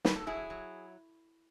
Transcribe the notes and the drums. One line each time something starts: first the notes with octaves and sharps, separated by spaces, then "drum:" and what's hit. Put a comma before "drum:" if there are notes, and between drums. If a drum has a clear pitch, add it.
B4, drum: snare
A4
F#3 E4 G#4
F#3